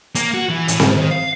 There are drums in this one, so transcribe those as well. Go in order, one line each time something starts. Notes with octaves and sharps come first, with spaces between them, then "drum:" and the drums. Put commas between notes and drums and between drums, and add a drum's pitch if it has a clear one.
A#3, drum: hi-hat
F#4
E3
A2, drum: hi-hat
G#2, drum: snare C4
D#3
F5